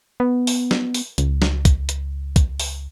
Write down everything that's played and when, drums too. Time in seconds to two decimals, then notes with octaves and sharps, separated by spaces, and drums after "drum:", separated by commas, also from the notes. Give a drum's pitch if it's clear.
0.20 B3
0.47 drum: open hi-hat
0.71 drum: snare
0.94 drum: open hi-hat
1.18 C#2, drum: hi-hat
1.42 drum: snare
1.65 drum: kick, hi-hat
1.89 drum: hi-hat
2.36 drum: kick, hi-hat
2.60 drum: open hi-hat